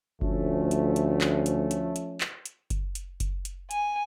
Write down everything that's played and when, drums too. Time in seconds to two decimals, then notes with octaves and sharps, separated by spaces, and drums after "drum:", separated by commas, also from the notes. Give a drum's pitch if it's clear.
0.21 D2 F3 A3 C#4, drum: kick F#1
0.71 drum: hi-hat
0.96 drum: hi-hat
1.21 drum: clap
1.46 drum: hi-hat
1.71 drum: hi-hat
1.96 drum: hi-hat
2.21 drum: clap
2.46 drum: hi-hat
2.70 drum: kick F#1, hi-hat
2.95 drum: hi-hat
3.20 drum: kick F#1, hi-hat
3.45 drum: hi-hat
3.71 G#5, drum: hi-hat